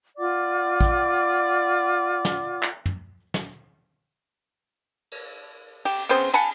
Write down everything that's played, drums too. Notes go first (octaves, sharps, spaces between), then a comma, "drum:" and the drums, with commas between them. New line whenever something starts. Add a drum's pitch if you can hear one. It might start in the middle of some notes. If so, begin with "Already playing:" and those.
F4 D5 F#5 D6
drum: kick
drum: snare
drum: clap
drum: tom
drum: snare
drum: cymbal
G4, drum: cymbal
C#3 B3 C4 C5, drum: cymbal
F#5 G#5 A5 B5